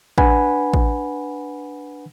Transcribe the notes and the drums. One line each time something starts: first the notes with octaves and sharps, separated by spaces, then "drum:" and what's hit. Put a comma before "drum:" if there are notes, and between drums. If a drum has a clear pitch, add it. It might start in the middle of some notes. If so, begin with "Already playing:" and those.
D4 B4 F#5 G#5 B5, drum: kick A1
drum: kick A1